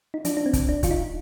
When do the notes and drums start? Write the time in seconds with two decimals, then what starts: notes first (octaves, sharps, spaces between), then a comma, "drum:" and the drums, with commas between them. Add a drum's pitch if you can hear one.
0.14 D#4
0.25 F3 D4, drum: hi-hat
0.37 D4
0.46 C4
0.53 C2, drum: kick, hi-hat
0.69 D4
0.83 F3 F4, drum: kick, hi-hat
0.91 D#4